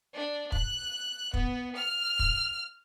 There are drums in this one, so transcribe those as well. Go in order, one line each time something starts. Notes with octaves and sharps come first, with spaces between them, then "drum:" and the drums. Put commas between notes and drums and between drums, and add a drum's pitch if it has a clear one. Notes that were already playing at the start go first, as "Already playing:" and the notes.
D4
F#6, drum: kick
B3, drum: kick
F6
drum: kick